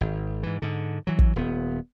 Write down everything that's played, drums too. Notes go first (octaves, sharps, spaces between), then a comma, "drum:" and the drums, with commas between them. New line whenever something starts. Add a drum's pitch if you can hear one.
G#1
G#2 E3
G#2 D3
E3 F#3
drum: kick
D#1 B3